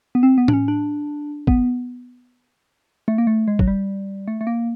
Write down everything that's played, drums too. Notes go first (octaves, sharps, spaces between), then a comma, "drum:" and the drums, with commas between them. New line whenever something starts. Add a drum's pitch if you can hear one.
B3
C4
B3
D4, drum: tom A2
C#4
D4
B3, drum: kick
A3
A#3
A3
G#3
F#3, drum: kick
G3
A3
A3
A#3